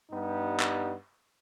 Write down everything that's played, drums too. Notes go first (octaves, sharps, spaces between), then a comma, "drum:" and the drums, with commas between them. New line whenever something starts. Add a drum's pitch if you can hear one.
G2 G3 B3 D#4
drum: clap